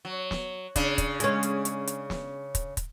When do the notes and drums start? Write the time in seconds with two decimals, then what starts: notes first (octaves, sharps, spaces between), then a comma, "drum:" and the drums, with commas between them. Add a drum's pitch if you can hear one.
0.05 F#3
0.31 drum: snare
0.76 C#3 D4, drum: kick, hi-hat
0.98 drum: kick, hi-hat
1.20 G#3 C#4, drum: hi-hat
1.43 drum: hi-hat
1.65 drum: hi-hat
1.87 drum: hi-hat
2.10 drum: snare
2.55 drum: kick, hi-hat
2.77 drum: kick, hi-hat